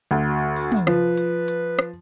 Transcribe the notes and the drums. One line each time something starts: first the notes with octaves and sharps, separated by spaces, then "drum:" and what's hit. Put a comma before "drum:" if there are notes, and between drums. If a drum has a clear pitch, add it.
D2
F#4
drum: open hi-hat
drum: tom
F3 B4, drum: rim click
drum: hi-hat
drum: hi-hat
drum: rim click